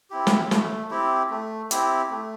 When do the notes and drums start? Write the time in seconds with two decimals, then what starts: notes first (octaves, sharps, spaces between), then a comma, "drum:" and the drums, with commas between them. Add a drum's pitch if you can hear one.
0.10 C4 E4 G4
0.27 drum: snare
0.51 A3, drum: snare
0.91 C4 E4 G4
1.30 A3
1.71 C4 E4 G4, drum: hi-hat
2.11 A3